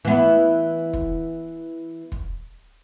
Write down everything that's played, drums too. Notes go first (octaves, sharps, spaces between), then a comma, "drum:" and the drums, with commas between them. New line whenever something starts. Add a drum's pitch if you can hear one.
E3 B3
drum: kick
drum: kick